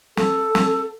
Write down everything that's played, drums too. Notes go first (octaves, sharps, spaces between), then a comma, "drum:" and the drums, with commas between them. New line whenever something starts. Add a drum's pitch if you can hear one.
A4, drum: snare
drum: snare